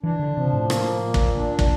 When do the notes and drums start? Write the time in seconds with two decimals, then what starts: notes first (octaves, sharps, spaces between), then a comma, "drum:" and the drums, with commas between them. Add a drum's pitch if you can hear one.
0.03 E3 D4
0.19 D3
0.37 C3 F3
0.53 A2
0.70 A#3, drum: rim click
1.03 A#2
1.14 drum: kick
1.36 D4
1.59 drum: kick